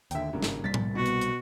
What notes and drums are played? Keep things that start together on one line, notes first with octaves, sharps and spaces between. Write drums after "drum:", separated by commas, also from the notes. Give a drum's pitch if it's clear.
D#2 D3 E5 G5, drum: hi-hat
G#1 G2 C#3 A#3
drum: snare
C2 G3 A#3 A6 B6
drum: tom A2
B2 B3 F#4
drum: hi-hat
drum: hi-hat